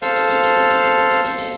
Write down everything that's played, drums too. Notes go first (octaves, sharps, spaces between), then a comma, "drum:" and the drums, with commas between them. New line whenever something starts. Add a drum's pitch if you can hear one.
A4 C5 F5, drum: hi-hat
drum: hi-hat
drum: hi-hat
drum: hi-hat
drum: hi-hat
drum: hi-hat
drum: hi-hat
drum: hi-hat
drum: hi-hat
drum: hi-hat
drum: hi-hat